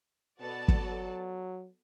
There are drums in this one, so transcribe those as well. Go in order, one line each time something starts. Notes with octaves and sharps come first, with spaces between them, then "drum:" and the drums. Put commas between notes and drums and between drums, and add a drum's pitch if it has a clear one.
B2 B3 F#4 A4 D5 A5
drum: kick
F#3